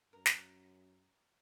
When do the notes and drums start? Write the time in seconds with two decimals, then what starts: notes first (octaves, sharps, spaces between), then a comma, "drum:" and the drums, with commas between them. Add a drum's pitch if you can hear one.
0.13 F#2 A#4
0.26 drum: snare